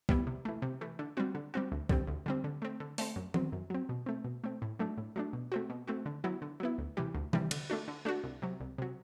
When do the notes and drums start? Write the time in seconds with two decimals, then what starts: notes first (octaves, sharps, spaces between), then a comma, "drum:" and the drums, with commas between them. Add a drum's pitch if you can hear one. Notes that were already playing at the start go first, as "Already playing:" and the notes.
0.09 G3 B3 E4, drum: kick
0.27 C3
0.45 E3 A3
0.62 C3
0.81 E3 A3
0.99 D3
1.17 G3 C4 F#4
1.35 D3
1.54 G3 C4 F#4
1.72 D2
1.89 D3 G3 C4, drum: kick
2.07 D2
2.26 D3 G3 C4
2.44 D3
2.62 A3 C4
2.80 D3
2.98 A3 C4, drum: open hi-hat
3.16 F#2
3.34 F#3 C4, drum: tom D#3
3.52 F#2
3.70 F#3 C4
3.89 B2
4.06 A3 C4
4.24 B2
4.44 A3 C4
4.62 A2
4.79 F#3 A3 D4
4.98 A2
5.16 F#3 A3 D4
5.33 B2
5.52 A3 C4 F#4
5.70 B2
5.87 A3 C4 F#4
6.06 D3
6.24 F#3 B3 E4
6.42 D3
6.60 F#3 B3 E4
6.78 D2
6.97 C3 E3 G3
7.15 D2
7.33 C3 E3 G3, drum: tom D#3
7.51 D3, drum: cymbal
7.70 A3 D4 F#4
7.88 D3
8.05 A3 D4 F#4
8.24 C2
8.42 C3 F#3
8.60 C2
8.78 C3 F#3